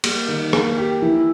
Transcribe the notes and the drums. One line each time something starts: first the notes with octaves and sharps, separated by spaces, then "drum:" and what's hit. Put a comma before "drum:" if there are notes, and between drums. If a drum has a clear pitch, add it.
G3 A#3, drum: cymbal
D#3
A#3, drum: rim click
G4
E3 E4